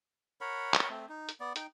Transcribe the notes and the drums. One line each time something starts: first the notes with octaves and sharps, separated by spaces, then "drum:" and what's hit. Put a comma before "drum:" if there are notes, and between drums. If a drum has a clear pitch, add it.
A#4 C#5 F#5 B5
drum: clap
A3 C4
D#4
drum: hi-hat
B3 D5
D#4 G5, drum: hi-hat